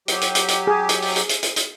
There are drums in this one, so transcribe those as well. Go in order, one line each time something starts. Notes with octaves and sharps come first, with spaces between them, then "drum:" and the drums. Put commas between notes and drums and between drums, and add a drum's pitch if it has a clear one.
F#3 G4, drum: hi-hat
drum: hi-hat
drum: hi-hat
drum: hi-hat
G#4
drum: hi-hat
drum: open hi-hat
drum: hi-hat
drum: hi-hat
drum: hi-hat
drum: hi-hat